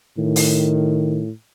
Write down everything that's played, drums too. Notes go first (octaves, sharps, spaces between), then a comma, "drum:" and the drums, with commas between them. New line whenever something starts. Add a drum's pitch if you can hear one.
A2 D#3
drum: open hi-hat